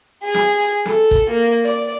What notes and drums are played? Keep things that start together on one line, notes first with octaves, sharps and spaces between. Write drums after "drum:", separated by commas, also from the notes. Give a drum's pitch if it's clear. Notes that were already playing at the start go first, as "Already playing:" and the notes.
G#4
drum: snare
drum: hi-hat
A4, drum: snare
drum: kick, hi-hat
A#3
D5, drum: hi-hat